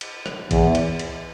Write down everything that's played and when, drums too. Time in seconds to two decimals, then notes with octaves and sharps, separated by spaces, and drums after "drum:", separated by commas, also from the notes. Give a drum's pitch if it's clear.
0.01 drum: cymbal
0.26 drum: rim click
0.51 E2, drum: kick, cymbal
0.75 drum: cymbal
0.99 drum: cymbal